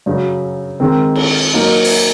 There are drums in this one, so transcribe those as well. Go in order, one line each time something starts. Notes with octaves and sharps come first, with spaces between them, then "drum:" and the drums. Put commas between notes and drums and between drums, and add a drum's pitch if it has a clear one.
F#2 C#3 F#3
D#3 G#3 C4
drum: cymbal
F#3 A#3 D#4
drum: open hi-hat